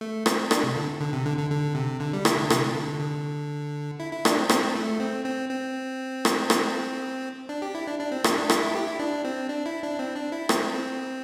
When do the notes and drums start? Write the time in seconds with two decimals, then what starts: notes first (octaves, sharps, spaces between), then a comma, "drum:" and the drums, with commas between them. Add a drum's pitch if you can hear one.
0.01 A3
0.26 C4, drum: rim click
0.51 D4, drum: rim click
0.63 C3
0.76 D3
1.00 D3
1.13 C3
1.25 D3
1.38 D3
1.50 D3
1.75 C3
2.00 D3
2.13 G3
2.25 E4, drum: rim click
2.37 D3
2.50 C3, drum: rim click
2.75 D3
3.01 D3
4.00 E4
4.13 E4
4.25 D4, drum: rim click
4.38 C4
4.49 C4, drum: rim click
4.75 A3
5.00 C4
5.25 C4
5.49 C4
6.25 drum: rim click
6.50 drum: rim click
7.49 D4
7.62 G4
7.75 E4
7.87 D4
8.00 D4
8.12 C4
8.24 A3, drum: rim click
8.37 D4
8.50 E4, drum: rim click
8.62 E4
8.75 G4
8.87 E4
8.99 D4
9.25 C4
9.49 D4
9.66 E4
9.83 D4
9.99 C4
10.16 D4
10.32 E4
10.49 C4, drum: rim click
10.74 C4